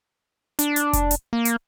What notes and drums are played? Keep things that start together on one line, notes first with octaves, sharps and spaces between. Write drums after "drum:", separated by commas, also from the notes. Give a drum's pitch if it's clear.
D4, drum: hi-hat
drum: hi-hat
drum: kick F1, hi-hat
drum: hi-hat
A#3
drum: hi-hat